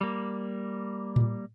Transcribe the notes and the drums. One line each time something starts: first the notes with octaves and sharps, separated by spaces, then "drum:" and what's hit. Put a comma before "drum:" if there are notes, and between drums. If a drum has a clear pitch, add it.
G3 A#3
drum: tom A2